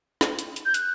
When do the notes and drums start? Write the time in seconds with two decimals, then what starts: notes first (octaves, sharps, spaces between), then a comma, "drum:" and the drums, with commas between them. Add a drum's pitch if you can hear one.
0.21 drum: snare
0.39 drum: hi-hat
0.56 drum: hi-hat
0.65 G6
0.74 F#6, drum: hi-hat